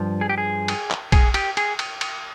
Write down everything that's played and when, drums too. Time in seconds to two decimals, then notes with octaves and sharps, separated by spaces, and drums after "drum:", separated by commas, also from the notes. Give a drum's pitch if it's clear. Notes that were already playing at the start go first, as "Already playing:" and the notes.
Already playing: G2 F3
0.21 G#4
0.29 G4
0.38 G#4
0.68 drum: cymbal
0.90 drum: clap
1.12 G#4, drum: kick, cymbal
1.34 G4, drum: cymbal
1.57 G#4, drum: cymbal
1.79 drum: cymbal
2.01 drum: cymbal